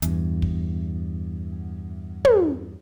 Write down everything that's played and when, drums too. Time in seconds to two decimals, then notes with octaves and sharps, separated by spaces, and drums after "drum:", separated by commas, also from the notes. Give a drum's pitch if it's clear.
0.02 E2 G2, drum: hi-hat
0.42 drum: kick
2.25 drum: tom